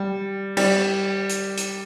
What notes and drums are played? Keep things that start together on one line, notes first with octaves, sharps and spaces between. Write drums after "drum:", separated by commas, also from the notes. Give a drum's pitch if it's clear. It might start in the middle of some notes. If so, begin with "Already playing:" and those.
Already playing: G3
G3, drum: cymbal
drum: hi-hat
drum: hi-hat